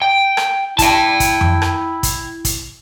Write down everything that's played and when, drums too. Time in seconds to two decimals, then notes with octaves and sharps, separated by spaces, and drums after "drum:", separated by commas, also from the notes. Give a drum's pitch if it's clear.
0.02 G5
0.37 drum: rim click
0.79 E4 G5 A5, drum: kick, hi-hat
1.20 drum: kick, hi-hat
1.41 drum: tom F2
1.62 drum: rim click
2.03 drum: kick, hi-hat
2.45 drum: kick, hi-hat